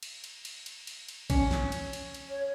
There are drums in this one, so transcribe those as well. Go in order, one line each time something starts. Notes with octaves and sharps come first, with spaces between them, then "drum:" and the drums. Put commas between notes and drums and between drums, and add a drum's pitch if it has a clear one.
drum: cymbal
drum: cymbal
drum: cymbal
drum: cymbal
drum: cymbal
drum: cymbal
C#4, drum: kick A#1, cymbal
drum: snare
drum: cymbal
drum: cymbal
drum: cymbal
C#5